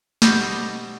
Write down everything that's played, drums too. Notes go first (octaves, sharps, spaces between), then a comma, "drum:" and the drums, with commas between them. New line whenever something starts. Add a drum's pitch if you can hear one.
B2 G3 C4 D#4, drum: snare